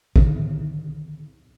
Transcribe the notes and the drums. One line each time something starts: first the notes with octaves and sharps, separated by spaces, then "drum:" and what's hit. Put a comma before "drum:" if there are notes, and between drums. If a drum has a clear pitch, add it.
D3 D#3, drum: kick